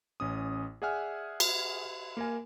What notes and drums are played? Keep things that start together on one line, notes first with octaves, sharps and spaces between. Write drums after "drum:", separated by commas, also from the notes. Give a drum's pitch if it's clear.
A1 C#4 D#6
G#4 D5 E5 F#5 G#5 F6
drum: cymbal
A#3 A#4 G#5